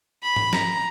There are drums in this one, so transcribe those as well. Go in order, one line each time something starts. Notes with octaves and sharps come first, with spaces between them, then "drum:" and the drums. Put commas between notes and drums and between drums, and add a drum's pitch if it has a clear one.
B5
drum: tom G#2
A#5, drum: snare